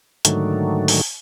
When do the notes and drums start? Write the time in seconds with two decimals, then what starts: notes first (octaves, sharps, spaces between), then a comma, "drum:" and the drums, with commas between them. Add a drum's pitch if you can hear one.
0.25 G#2 D3 D#3 F#3 A3, drum: hi-hat
0.88 drum: open hi-hat